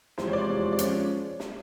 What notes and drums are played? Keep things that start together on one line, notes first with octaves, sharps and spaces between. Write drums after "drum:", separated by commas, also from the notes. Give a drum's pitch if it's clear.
E2 C3 F3 G#3 C5, drum: snare
C#5
D5
E2 C3 F3 G#3
D5
F3 G#3 C#4 C#5, drum: hi-hat
drum: snare